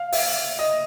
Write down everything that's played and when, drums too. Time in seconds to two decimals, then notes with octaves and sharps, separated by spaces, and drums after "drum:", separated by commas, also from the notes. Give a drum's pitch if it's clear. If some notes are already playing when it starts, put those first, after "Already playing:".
Already playing: F5
0.13 E5, drum: open hi-hat
0.59 D#5